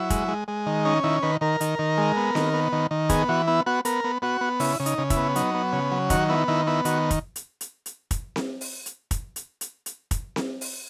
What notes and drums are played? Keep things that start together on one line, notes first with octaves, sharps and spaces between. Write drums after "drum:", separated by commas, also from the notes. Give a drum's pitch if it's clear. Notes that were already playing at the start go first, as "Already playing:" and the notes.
Already playing: F#3 E4
G#3, drum: kick, hi-hat
G#3
G#3
D#3
C#4 D#4
D#3 E4
D#3 B4
D#3 A#4
D#3, drum: hi-hat
D#3
G#3
B3
D#3, drum: snare C4
B3
D#3
D#3
B3 G#4, drum: kick, hi-hat
E3 F#4
B3 E4
B3 F#4
B3 A#4, drum: hi-hat
B3
B3 F#4
B3
C#3 E4, drum: open hi-hat
C#3
D#4, drum: hi-hat
C#3
E4, drum: kick, hi-hat
B3
F#3 D#4, drum: hi-hat
B3
C#3
F#3
D#3 F#4, drum: kick, hi-hat
B3 E4
D#3 E4
B3 E4
D#3 F#4, drum: hi-hat
drum: kick, hi-hat
drum: hi-hat
drum: hi-hat
drum: hi-hat
drum: kick, hi-hat
drum: snare C4
drum: open hi-hat
drum: hi-hat
drum: kick, hi-hat
drum: hi-hat
drum: hi-hat
drum: hi-hat
drum: kick, hi-hat
drum: snare C4
drum: open hi-hat